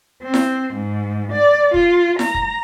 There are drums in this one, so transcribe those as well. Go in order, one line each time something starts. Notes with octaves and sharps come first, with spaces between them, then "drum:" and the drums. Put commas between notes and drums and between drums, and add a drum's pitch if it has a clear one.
C4
drum: snare E4
G#2
D5
F4, drum: kick
A#5, drum: snare E4
drum: kick